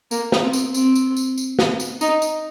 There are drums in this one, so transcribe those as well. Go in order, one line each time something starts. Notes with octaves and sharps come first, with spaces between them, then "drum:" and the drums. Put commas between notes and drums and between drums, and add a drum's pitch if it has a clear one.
A#3, drum: tambourine
drum: snare
C4
drum: tambourine
C4, drum: tambourine
drum: tambourine
drum: tambourine
drum: tambourine
drum: snare
drum: tambourine
D#4, drum: tambourine
drum: tambourine